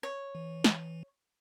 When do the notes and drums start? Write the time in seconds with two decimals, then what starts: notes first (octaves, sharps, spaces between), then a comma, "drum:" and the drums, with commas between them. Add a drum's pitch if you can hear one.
0.03 C#5
0.35 E3
0.64 drum: snare